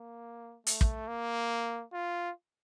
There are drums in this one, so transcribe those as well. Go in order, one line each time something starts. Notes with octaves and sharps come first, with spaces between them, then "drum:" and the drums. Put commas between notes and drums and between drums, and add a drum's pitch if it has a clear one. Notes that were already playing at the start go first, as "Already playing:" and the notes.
Already playing: A#3
A3, drum: hi-hat
drum: kick
A#3
F4